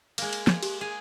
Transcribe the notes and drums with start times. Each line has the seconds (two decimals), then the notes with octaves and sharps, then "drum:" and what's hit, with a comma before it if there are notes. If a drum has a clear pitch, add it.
0.18 G#3 A#3, drum: cymbal
0.33 drum: cymbal
0.47 G#6, drum: snare
0.63 G4, drum: cymbal
0.81 G#4 F7